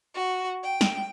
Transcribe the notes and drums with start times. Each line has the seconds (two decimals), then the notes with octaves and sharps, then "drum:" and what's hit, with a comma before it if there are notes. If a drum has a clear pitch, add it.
0.13 F#4
0.62 G5
0.81 drum: snare